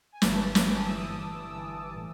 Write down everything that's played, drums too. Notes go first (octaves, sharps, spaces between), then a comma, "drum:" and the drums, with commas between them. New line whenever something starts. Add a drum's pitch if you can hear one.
G#5
G1 G2 E3 A5, drum: snare
drum: snare
G1 G2 E3 D6
D#6
E6
D#6
G1 G2 E3 D#6
G1 G2 E3 E6
A2 E3